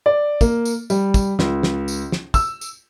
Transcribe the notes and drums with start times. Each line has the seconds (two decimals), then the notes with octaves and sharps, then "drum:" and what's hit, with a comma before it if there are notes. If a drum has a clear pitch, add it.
0.06 D5
0.41 A#3, drum: kick, tambourine
0.65 drum: tambourine
0.90 G3, drum: tambourine
1.14 drum: kick, tambourine
1.39 C#2, drum: snare
1.63 drum: snare
1.88 drum: tambourine
2.12 drum: snare
2.34 E6, drum: kick, tambourine
2.61 drum: tambourine